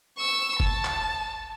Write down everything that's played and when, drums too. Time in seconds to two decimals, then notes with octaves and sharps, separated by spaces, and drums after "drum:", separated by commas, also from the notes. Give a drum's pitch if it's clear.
0.18 C#6 E6
0.60 A5, drum: kick F#1
0.85 drum: clap